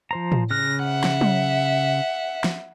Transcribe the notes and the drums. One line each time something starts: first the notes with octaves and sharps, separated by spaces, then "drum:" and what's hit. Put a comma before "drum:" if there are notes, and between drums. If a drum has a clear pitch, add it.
F3 C5 A#5
drum: tom A2
C#3 F6 F#6 A#6
E5 F#5
drum: snare
drum: tom F#3
drum: snare